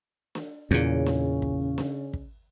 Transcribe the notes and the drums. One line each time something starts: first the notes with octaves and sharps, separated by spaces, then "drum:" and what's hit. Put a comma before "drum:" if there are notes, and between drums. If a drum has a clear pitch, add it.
drum: snare
E2 A#2 C#3 C#4
drum: snare
drum: kick
drum: snare
drum: kick